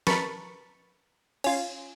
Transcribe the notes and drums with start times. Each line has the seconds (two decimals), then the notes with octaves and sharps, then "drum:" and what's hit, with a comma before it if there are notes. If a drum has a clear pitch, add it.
0.07 A#4 B4 A5 B5 C#6, drum: snare
1.44 C#4 F4, drum: cymbal